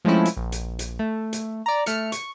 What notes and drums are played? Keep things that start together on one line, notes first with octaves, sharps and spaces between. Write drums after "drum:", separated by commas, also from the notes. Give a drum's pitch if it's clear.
F3 G#3 A3 C4 C#4 E4
drum: hi-hat
A#1
drum: hi-hat
drum: hi-hat
A3
drum: hi-hat
D5 A#5
A3 F6 C#7, drum: hi-hat
C#6, drum: hi-hat